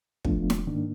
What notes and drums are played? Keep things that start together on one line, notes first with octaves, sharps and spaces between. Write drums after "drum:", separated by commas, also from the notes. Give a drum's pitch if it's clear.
F3 A3 B3 D4 F4, drum: kick
drum: snare
G#2 D#3 A#3 D4